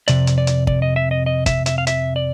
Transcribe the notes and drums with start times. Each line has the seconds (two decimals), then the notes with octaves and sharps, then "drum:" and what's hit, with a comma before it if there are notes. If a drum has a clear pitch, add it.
0.08 F2 C3 D5, drum: hi-hat
0.27 drum: hi-hat
0.38 D5
0.47 drum: hi-hat
0.67 D5, drum: kick
0.82 D#5
0.96 E5
1.11 D#5
1.26 D#5
1.46 E5, drum: kick, hi-hat
1.66 E5, drum: hi-hat
1.78 F5
1.87 E5, drum: hi-hat
2.16 D5